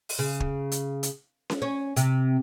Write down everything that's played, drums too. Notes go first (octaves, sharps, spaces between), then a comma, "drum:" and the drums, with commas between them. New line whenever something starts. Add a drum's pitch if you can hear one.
drum: open hi-hat
C#3
drum: kick
drum: hi-hat
drum: hi-hat
drum: snare C#4
C#4
C3, drum: hi-hat